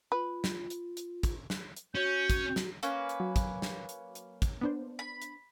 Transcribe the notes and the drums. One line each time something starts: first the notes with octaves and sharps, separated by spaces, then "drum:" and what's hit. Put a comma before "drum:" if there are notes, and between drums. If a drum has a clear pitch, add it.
F4 B4
drum: snare
drum: hi-hat
drum: hi-hat
drum: kick, hi-hat
drum: snare
drum: hi-hat
C#4 F#4 G6
drum: kick, hi-hat
drum: snare
A#3 C#4 B4, drum: hi-hat
drum: hi-hat
F#3
drum: kick, hi-hat
drum: snare
drum: hi-hat
drum: hi-hat
drum: kick, hi-hat
B3 D4 C5
B5
drum: hi-hat